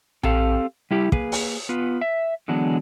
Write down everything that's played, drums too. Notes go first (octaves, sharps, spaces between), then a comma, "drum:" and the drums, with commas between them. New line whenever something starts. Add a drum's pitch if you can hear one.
C4 G4 A4 F5, drum: tom A#1
G3 E4 G4
A#3 G#4 B4, drum: kick
drum: open hi-hat
B3 F4 B4
E5
D3 E3 F#3 G#3 B3 D4